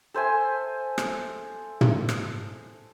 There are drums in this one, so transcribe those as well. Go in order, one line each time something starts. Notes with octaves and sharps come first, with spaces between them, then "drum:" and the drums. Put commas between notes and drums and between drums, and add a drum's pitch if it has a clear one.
A4 C5 E5 G#5
drum: rim click
drum: tom
drum: rim click